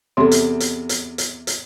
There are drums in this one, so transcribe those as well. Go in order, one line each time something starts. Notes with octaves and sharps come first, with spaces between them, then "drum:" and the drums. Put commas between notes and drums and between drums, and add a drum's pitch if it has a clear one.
E2 C3 A4 C6
drum: hi-hat
drum: hi-hat
drum: hi-hat
drum: hi-hat
drum: hi-hat